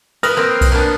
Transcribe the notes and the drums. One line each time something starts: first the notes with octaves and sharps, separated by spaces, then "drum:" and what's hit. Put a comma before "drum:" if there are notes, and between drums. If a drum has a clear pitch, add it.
A#4 B4 D#6 F6 A#6, drum: cymbal
A#3 C4
drum: kick B1, cymbal
A#3 B3 D4